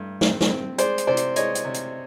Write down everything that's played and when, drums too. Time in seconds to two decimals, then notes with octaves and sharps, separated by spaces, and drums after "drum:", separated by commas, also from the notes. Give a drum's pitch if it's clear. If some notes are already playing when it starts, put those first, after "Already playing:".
Already playing: G2 A3
0.21 C4, drum: snare
0.41 drum: snare
0.50 C4
0.78 G#3 C5 D5, drum: hi-hat
0.98 drum: hi-hat
1.07 C3 C5 D5
1.17 drum: hi-hat
1.36 G#3 C#5 D#5, drum: hi-hat
1.55 drum: hi-hat
1.65 C3
1.74 drum: hi-hat